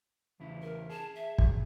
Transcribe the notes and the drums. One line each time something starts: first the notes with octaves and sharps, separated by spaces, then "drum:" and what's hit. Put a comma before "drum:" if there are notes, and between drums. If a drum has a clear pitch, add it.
E2 C#3 E4
A#4
G#4 A5
E5
drum: kick